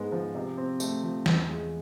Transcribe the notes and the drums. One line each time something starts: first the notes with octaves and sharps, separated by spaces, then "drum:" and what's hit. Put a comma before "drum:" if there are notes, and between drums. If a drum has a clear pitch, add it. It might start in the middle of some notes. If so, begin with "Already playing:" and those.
Already playing: G#2 G#3 B3
F3
C3
C4
A3, drum: tambourine
F3
E2, drum: snare
G#3